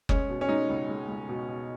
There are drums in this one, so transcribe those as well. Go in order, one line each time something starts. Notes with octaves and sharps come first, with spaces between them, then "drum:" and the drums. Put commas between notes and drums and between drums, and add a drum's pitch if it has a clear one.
G#3 C#4, drum: kick F#1
B2
C#4
G#3 D#4
C#2
G#3
C#2
B2
B2